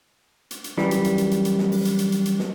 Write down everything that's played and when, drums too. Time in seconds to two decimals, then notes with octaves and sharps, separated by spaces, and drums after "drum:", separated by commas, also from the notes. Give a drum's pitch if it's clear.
0.51 drum: hi-hat
0.64 drum: hi-hat
0.78 F#2 E3 G3, drum: snare
0.91 drum: hi-hat
1.04 drum: hi-hat
1.18 drum: hi-hat
1.31 drum: hi-hat
1.45 drum: hi-hat
1.58 drum: snare
1.72 drum: open hi-hat
1.85 drum: hi-hat
1.99 drum: hi-hat
2.12 drum: hi-hat
2.25 drum: hi-hat
2.39 drum: snare